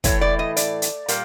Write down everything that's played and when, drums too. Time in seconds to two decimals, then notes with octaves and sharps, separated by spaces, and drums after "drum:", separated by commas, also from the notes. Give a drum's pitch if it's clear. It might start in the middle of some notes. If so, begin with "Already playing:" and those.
0.04 A2 E3 A3 C#5, drum: kick, hi-hat
0.21 D5
0.39 D#5
0.57 D5, drum: hi-hat
0.82 drum: hi-hat
1.08 A#2 G3 A#3, drum: hi-hat